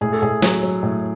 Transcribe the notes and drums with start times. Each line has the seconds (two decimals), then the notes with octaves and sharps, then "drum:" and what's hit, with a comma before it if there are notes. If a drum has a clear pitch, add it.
0.01 A2 G#4
0.13 A4
0.22 A2 G#4
0.42 F#3, drum: snare
0.63 F#3
0.83 A2